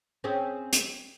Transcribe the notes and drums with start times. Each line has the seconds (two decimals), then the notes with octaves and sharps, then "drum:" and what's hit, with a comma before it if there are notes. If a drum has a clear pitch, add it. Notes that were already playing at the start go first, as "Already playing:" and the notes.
0.24 C4 C#4 G#4
0.73 drum: hi-hat